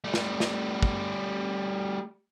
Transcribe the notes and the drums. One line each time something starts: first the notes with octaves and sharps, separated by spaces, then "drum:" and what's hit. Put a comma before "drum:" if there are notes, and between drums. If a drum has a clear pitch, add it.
G3 A3
drum: snare
drum: snare
drum: kick